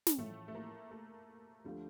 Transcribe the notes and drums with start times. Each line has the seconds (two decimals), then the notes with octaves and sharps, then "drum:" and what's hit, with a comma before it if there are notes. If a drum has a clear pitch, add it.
0.07 drum: snare
0.17 A1 A2 F3 A3
0.48 A3
0.55 A#3
0.91 A3
1.65 D2 D3 F3 G3 A3